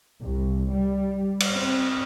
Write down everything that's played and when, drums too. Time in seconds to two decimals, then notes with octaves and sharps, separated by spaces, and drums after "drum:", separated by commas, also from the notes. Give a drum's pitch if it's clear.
0.23 C2
0.72 G3
1.40 drum: cymbal
1.54 C4